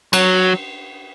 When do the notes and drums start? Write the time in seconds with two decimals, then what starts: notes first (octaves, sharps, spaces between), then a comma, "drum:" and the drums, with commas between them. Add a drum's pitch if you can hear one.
0.13 F#3, drum: cymbal